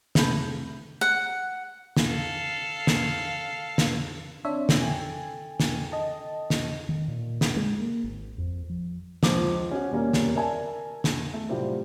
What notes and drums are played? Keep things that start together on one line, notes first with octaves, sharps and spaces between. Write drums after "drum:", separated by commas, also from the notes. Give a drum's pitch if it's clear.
C2 A3 B5 G6, drum: snare
F#5
drum: snare
A4 F5
drum: snare
drum: snare
C4 D4 C#5 E5
drum: snare
A4 G5 G#5
drum: snare
D#5 A5
drum: snare
D#3
A#2
drum: snare
G#3
A#3
G#1
F2
F3
C#2 F3 D6, drum: snare
C#4 F#4
D#2 B2 G3 A#3 C#4
drum: snare
A#4 D5 E5 G#5 A5
drum: snare
A3
A2 C3 F#3 G3 C4 F4